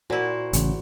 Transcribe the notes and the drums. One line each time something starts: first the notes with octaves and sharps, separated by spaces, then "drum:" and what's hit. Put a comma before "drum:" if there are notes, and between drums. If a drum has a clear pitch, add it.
A#2 E4 F#4 C5
A1 C#3, drum: hi-hat